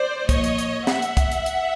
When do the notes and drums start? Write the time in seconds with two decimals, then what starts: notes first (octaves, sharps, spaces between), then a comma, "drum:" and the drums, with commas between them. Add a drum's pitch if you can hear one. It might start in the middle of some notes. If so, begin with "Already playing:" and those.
Already playing: C5 D5
0.29 A#2 F3 C#5 D#5, drum: kick, hi-hat
0.44 drum: hi-hat
0.58 drum: hi-hat
0.87 E5 F#5, drum: snare
1.02 drum: hi-hat
1.17 drum: kick, hi-hat
1.32 drum: hi-hat
1.46 drum: hi-hat